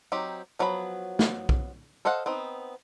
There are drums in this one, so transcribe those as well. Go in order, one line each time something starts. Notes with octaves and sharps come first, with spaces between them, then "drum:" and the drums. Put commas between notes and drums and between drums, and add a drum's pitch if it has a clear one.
F#3 C4 D#4 G4
F3 F#3 B3 A4 B5
drum: snare
drum: kick B1
A4 C5 D#5 F5 F#5
B3 C4 D#4